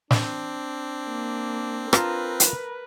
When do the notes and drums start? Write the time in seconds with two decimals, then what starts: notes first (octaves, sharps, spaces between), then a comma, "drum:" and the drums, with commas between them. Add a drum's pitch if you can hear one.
0.11 C4 D4, drum: snare
1.07 A#3
1.93 F4 A#4 B4 A5 A#5, drum: rim click
2.40 drum: hi-hat